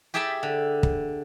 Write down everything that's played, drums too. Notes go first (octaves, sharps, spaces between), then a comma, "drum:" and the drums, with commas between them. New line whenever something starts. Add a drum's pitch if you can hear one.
G4 G#4 E5 G5 A5 B5
D3
drum: kick